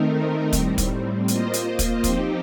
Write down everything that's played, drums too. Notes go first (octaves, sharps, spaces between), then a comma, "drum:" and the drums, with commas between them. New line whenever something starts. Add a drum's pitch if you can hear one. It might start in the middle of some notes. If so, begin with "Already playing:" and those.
Already playing: D#3 A3 C4 D#4 A#4
A2 G3 C4, drum: kick, hi-hat
drum: kick, hi-hat
A#3 F4 C5 D#5, drum: hi-hat
drum: hi-hat
drum: kick, hi-hat
F3 C4 D#4 G4, drum: kick, hi-hat